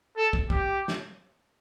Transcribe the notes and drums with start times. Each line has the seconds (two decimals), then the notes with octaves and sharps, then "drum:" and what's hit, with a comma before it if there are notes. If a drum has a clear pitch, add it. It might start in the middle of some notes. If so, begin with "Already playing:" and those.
0.17 A4
0.33 drum: kick
0.50 G4, drum: kick
0.88 drum: snare